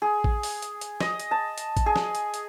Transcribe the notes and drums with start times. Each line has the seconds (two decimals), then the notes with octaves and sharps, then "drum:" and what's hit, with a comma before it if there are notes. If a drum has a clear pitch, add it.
0.02 G#4
0.24 drum: kick A1
0.43 drum: open hi-hat
0.62 drum: hi-hat
0.81 drum: hi-hat
1.00 D#5, drum: snare
1.20 drum: hi-hat
1.31 A5
1.58 drum: hi-hat
1.77 drum: kick A1, hi-hat
1.86 G#4
1.96 drum: snare
2.15 drum: hi-hat
2.34 drum: hi-hat